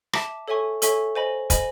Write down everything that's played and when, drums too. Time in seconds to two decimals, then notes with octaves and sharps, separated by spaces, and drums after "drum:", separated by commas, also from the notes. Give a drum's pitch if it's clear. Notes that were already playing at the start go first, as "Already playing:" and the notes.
0.13 E5 A5 D6, drum: rim click
0.48 A4 C#5 E5 G#5 C#6
0.82 A4 C#5 E5 G#5 C#6, drum: hi-hat
1.15 C5 D#5 G#5 B5
1.50 C5 D#5 G#5 B5, drum: kick, hi-hat